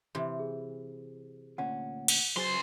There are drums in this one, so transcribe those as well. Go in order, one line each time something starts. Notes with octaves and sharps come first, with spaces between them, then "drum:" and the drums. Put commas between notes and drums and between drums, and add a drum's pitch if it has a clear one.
C3 E3 C6
G#4
D2 A#2 C#4 F#5
drum: cymbal
C#2 F#3 G#4 C5 C6 A6